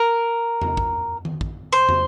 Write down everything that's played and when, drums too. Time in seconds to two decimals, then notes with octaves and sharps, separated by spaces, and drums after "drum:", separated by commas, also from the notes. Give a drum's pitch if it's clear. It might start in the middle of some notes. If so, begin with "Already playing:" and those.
Already playing: A#4
0.61 drum: tom
0.77 drum: kick
1.25 drum: tom D#3
1.41 drum: kick
1.72 C5
1.89 drum: tom